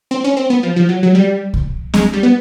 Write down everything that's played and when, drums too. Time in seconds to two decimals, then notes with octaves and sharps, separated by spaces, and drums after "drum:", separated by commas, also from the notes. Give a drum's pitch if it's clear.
0.11 C4
0.24 C#4
0.37 C4
0.50 B3
0.63 F3
0.76 F3
0.89 F#3
1.03 F#3
1.15 G3
1.53 drum: kick C2
1.94 G#3, drum: snare C4
2.13 G3
2.23 B3